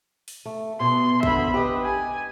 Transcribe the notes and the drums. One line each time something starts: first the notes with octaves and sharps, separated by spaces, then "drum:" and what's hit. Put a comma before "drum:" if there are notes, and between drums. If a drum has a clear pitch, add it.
drum: open hi-hat
A3
B2 C6
B2 D3 E5 B5, drum: kick
G4 B4 D#5
G#5